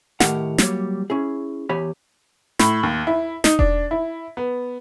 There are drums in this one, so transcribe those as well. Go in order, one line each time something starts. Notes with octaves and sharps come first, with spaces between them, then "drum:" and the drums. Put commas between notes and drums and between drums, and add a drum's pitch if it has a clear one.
A2 D#3 G4 A#4 F#5, drum: snare
F#3 G3 A#3 C#5, drum: snare
C#4 E4 G#4
E2 G4 C#5 G#5 B5
A2, drum: snare
D#2
E4
D#4, drum: snare
D4, drum: kick E1
E4
B3